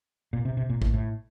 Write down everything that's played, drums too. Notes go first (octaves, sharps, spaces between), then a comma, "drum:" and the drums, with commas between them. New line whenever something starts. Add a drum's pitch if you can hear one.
A#2
C3
C3
A#2
A2, drum: kick
A2